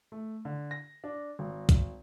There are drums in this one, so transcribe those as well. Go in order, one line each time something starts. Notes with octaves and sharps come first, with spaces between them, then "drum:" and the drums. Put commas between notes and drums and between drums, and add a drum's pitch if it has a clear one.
A3
D3
A#6
D4
G#1
drum: kick B1, hi-hat